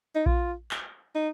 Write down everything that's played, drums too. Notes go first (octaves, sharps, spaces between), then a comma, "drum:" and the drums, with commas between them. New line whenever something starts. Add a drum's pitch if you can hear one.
D#4
F4, drum: kick A#1
drum: clap
D#4